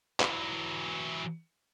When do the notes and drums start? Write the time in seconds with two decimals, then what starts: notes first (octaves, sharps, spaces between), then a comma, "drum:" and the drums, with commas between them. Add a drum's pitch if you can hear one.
0.20 E3 F#3, drum: clap